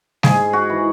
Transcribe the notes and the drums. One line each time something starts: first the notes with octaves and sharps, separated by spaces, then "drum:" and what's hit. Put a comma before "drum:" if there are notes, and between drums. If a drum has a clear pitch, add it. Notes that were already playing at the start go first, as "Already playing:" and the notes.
G#2 G#4, drum: snare
F#4
E3